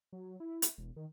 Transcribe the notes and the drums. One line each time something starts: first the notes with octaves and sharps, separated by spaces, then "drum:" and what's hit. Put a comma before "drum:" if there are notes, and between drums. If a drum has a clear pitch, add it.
F#3
E4
drum: hi-hat
E1
D#3